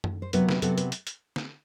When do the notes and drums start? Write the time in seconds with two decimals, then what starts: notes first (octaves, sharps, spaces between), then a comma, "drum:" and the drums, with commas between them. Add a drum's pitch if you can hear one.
0.04 drum: tom F#2
0.22 C5
0.33 C3 F#3 B3 B4, drum: hi-hat
0.49 B4, drum: snare
0.62 C3 F#3 B3 A4, drum: hi-hat
0.78 B4, drum: hi-hat
0.92 drum: hi-hat
1.07 drum: hi-hat
1.36 drum: snare